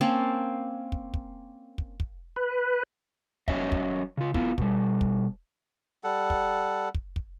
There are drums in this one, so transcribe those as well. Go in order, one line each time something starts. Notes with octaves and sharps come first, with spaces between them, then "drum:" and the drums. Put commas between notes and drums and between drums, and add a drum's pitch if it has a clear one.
A#3 C4 C#4 A5
drum: kick
drum: kick
drum: kick
drum: kick
B4
F#3 C#4 C#5 D#5 E5, drum: kick
drum: kick
C#3 F4
B3 E4 F4, drum: kick
B2 G3, drum: kick
drum: kick
G3 A4 F#5
drum: kick
drum: kick
drum: kick